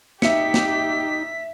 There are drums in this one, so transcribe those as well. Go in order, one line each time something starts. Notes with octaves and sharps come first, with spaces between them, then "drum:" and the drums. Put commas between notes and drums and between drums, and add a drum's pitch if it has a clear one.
D#4 G4 E5 B6 C#7, drum: snare
drum: snare